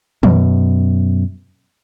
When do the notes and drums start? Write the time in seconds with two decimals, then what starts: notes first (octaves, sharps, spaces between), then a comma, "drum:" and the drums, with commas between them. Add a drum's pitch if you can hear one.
0.23 F#2 B2, drum: tom